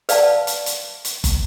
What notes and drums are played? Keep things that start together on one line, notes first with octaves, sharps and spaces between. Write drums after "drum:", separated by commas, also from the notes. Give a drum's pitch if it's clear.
B4 D5 F5 F#5 A5, drum: hi-hat
drum: hi-hat
drum: hi-hat
drum: hi-hat
drum: kick, hi-hat